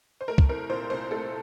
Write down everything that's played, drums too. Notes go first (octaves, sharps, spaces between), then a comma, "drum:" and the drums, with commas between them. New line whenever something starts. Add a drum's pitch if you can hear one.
C5
A3 A#4
drum: kick
C2 A#4
A#2 C5
C2 C5
A3 A4